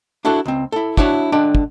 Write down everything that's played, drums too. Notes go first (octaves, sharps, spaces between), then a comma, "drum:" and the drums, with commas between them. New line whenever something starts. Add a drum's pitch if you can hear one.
D4 E4 F#4 A4
C#2 C4
E4 A4
D4 E4 F#4 C#5 A5, drum: kick
D3 G#3 D4 G5
drum: kick